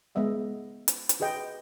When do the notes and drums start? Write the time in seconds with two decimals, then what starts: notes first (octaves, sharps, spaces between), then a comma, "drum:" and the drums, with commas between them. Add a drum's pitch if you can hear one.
0.15 G#3 B3 D#5 E5 F#5
0.88 drum: hi-hat
1.09 drum: hi-hat
1.20 F#4 G#4 B4 D#5 G5